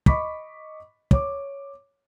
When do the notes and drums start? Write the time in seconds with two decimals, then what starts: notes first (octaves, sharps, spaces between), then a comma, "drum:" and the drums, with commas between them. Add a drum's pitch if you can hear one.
0.06 D#5 B5 C#6 D6 B6, drum: kick
1.11 C#5 D6, drum: kick